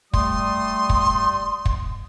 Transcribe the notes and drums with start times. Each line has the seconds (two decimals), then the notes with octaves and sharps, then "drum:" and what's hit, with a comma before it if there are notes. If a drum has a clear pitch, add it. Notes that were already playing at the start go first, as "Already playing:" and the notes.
0.13 G3 A3 C6 D#6, drum: kick
0.89 drum: kick
1.65 drum: kick